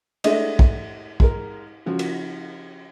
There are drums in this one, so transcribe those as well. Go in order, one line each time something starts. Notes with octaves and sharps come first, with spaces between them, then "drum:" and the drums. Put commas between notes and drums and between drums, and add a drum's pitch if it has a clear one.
G#3 A3 D4 D#5 E5, drum: cymbal
drum: kick
G#3 A#4, drum: kick
C#3 F3 F#4
drum: cymbal